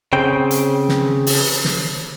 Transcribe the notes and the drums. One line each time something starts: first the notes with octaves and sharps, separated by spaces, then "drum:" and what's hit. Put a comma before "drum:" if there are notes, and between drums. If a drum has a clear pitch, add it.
C#3 C4 G5
drum: hi-hat
drum: snare
drum: open hi-hat
drum: snare